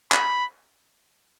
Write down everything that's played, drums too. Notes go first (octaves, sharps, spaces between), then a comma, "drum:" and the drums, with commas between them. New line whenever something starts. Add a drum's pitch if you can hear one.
B5, drum: clap